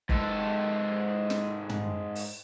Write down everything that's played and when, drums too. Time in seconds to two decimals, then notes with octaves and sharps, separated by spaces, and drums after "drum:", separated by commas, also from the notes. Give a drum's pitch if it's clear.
0.09 G#2 A4, drum: kick
1.30 drum: snare
1.69 drum: tom
2.15 drum: open hi-hat